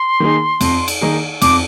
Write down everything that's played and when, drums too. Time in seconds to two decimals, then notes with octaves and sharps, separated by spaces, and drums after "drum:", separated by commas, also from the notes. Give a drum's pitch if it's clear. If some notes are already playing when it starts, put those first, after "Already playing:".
Already playing: C6
0.20 D#3 A#3 D#4 G#4
0.61 F2, drum: cymbal
0.88 drum: cymbal
1.01 D#3 A#3 D#4 G#4
1.42 F2 D6, drum: cymbal